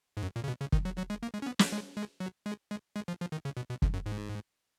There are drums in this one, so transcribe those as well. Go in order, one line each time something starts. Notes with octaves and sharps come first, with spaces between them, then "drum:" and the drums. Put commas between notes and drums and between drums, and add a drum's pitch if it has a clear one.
G#2
F#2
A#2
C#3
B2
C#3
D#3, drum: kick
F#3
F#3
G#3
A#3
G#3
C#4
B3
G#3, drum: snare
G#3
G#3
F#3
G#3
G#3
G#3
F3
F3
D#3
C#3
B2
B2
F2, drum: kick
F#2
G#2